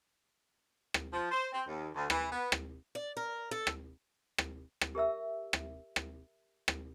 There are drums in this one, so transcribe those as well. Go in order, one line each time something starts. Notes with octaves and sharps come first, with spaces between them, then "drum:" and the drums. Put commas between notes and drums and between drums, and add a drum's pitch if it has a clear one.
drum: rim click
F3
C5
C4
D#2
D2
E3, drum: rim click
B3
drum: rim click
D5
A#4
A4
drum: rim click
drum: rim click
drum: rim click
G4 A#4 E5 E6
drum: rim click
drum: rim click
drum: rim click